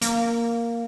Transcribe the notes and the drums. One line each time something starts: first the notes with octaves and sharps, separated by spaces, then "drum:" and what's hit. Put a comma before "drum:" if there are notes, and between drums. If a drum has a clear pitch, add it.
A#3, drum: hi-hat